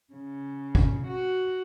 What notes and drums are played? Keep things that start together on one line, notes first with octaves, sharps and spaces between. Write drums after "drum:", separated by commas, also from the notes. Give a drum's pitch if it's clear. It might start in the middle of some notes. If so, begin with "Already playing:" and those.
C#3
drum: kick G#1
F#4